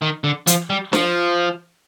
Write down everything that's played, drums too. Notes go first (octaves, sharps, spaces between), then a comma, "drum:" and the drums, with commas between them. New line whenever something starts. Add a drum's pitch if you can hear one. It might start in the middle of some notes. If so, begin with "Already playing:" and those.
D#3
D3
F3, drum: hi-hat
G3
F3, drum: snare